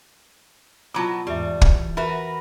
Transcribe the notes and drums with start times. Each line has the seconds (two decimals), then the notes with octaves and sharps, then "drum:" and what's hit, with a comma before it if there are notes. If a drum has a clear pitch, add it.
0.94 B2 F#3 E4 F4 A5 D6
1.27 E2 G#2 G3 E5 C#6
1.61 E3, drum: kick
1.97 F#4 A#4 B4 E5